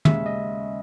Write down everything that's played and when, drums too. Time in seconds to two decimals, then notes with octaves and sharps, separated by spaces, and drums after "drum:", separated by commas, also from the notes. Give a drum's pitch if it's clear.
0.05 D#2 C#3 G#3 C#4 E5, drum: tom
0.26 D#5